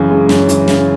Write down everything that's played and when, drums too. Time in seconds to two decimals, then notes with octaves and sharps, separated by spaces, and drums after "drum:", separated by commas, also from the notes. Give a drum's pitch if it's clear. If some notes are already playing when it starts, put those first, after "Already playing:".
Already playing: F#2 C#3 E3 G#4
0.11 G#3
0.29 F#2, drum: snare
0.49 E3, drum: hi-hat
0.68 C#3, drum: snare